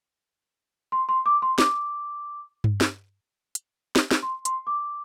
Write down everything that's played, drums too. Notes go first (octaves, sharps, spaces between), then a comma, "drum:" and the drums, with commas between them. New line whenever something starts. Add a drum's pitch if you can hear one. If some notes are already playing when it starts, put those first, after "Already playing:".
C6
C6
D6
C6
D6, drum: snare
drum: tom G2
drum: snare
drum: hi-hat
drum: snare
drum: snare
C6
C6, drum: hi-hat
D6